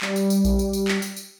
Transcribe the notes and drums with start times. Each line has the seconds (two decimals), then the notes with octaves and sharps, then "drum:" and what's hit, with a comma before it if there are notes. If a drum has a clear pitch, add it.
0.01 G3, drum: clap
0.16 drum: tambourine
0.30 drum: tambourine
0.45 drum: kick A#1, tambourine
0.59 drum: tambourine
0.73 drum: tambourine
0.88 drum: clap
1.02 drum: tambourine
1.16 drum: tambourine